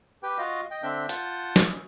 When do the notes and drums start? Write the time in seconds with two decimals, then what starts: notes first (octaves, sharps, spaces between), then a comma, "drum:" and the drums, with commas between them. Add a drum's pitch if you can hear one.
0.23 G4 B4 G5
0.38 F4 F#4 D#5 F5
0.71 D#5 G5
0.83 D3 C4 D4 E5 G6
1.09 F4 F#5 A5 G6, drum: hi-hat
1.56 drum: snare